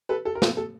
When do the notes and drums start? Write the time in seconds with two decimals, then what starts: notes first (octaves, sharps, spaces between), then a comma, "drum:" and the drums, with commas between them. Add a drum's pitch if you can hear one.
0.09 A4 B4
0.25 A4
0.35 A#4
0.42 A4, drum: snare
0.57 A4